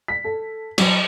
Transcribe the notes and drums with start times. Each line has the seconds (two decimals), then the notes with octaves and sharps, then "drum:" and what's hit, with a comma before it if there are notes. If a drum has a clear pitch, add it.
0.08 B6
0.24 A4
0.78 F#3, drum: cymbal